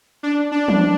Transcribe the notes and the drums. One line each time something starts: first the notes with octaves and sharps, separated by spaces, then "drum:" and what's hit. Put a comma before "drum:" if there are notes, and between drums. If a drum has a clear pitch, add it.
D4
D4
drum: tom